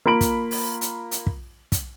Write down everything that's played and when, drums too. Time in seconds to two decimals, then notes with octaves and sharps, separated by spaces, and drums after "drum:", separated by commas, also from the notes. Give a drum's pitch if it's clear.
0.06 A#3 F4 B5 D7 F#7
0.21 drum: kick, hi-hat
0.51 drum: open hi-hat
0.81 drum: hi-hat
1.11 drum: hi-hat
1.27 drum: kick
1.72 drum: kick, hi-hat